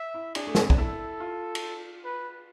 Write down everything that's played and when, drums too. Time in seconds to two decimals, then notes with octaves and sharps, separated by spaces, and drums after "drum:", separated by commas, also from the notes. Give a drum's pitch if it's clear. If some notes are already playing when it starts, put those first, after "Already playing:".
Already playing: E5
0.14 E4
0.35 D4 G#4, drum: cymbal
0.47 A3
0.55 B3, drum: snare
0.62 C4
0.70 D4, drum: kick
0.78 E4 A4
1.20 F4
1.55 drum: cymbal
2.04 B4